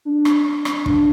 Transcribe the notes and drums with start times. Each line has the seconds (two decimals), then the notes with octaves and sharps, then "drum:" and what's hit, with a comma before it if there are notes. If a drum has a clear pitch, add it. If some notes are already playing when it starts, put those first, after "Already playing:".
0.05 D4
0.25 drum: rim click
0.65 drum: rim click
0.86 D4, drum: kick